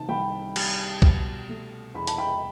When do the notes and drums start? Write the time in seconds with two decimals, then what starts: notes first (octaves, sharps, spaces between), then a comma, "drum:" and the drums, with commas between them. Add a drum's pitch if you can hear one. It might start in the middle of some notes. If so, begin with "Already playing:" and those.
Already playing: C3 D#3 A5
0.09 C2 G5 B5
0.56 G3, drum: cymbal
1.02 B2, drum: kick B1
1.49 A3
1.95 E2 B5
2.07 A5, drum: hi-hat
2.18 G5 B5